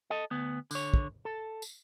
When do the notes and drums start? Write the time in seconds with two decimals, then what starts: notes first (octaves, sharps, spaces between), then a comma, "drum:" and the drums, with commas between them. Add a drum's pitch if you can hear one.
0.10 A4 D#5
0.31 D2 B3
0.71 D3 C#5, drum: tambourine
0.94 drum: kick
1.25 A4
1.62 drum: tambourine